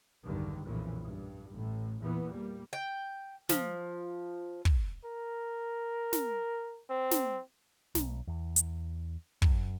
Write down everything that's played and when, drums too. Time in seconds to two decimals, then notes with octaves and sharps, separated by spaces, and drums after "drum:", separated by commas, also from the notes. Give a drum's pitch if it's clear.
0.23 B1 E2 G2 D3 D#3
0.64 B1 F2 A#2 C#3 E3
1.03 G2
1.50 A1 A2
2.01 E2 A#2 E3 B3
2.32 G3 A#3
2.73 G5
3.49 F3, drum: snare
4.65 drum: kick
5.05 A#4
6.13 drum: snare
6.90 C4
7.11 drum: snare
7.95 B1, drum: snare
8.27 E2
8.56 drum: hi-hat
9.42 F#2, drum: kick